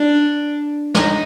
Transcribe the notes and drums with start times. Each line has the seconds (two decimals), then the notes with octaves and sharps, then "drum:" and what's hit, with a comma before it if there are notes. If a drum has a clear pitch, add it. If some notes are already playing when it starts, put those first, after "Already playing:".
Already playing: D4
0.94 D#4, drum: snare